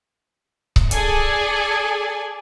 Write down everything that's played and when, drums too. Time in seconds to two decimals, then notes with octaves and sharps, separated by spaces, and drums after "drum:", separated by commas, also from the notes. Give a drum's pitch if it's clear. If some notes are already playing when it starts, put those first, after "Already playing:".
0.76 drum: kick C#1
0.91 G#4 A4 D5 G#5, drum: hi-hat